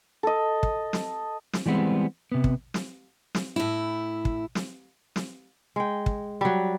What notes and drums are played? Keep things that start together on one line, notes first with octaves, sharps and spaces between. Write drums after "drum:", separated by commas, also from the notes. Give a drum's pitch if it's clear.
A4 D#5
drum: kick
drum: snare
drum: snare
E3 G3 G#3 B3 C4
C3 B3
drum: kick
drum: snare
drum: snare
A2 E4
drum: kick
drum: snare
drum: snare
G#3 G5
drum: kick
F#3 G3